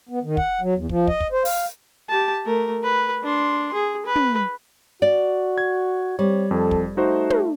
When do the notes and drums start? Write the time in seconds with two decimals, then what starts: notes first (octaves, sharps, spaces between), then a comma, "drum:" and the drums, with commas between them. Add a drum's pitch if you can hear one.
0.09 B3
0.23 D#3
0.37 F#5, drum: kick
0.61 F#3
0.76 E2
0.89 F3, drum: kick
1.07 D#5, drum: kick
1.20 drum: kick
1.32 C5
1.45 F5, drum: open hi-hat
2.09 G4 A5
2.45 A3 A#4
2.83 B4
3.23 D4 C6
3.74 G#4
4.06 B4
4.16 drum: tom
5.02 F#4 D5
5.58 G#6
6.19 G3 C4 C#5
6.51 F2 A4
6.71 drum: kick
6.97 A3 D#4 F#4 C5
7.30 drum: tom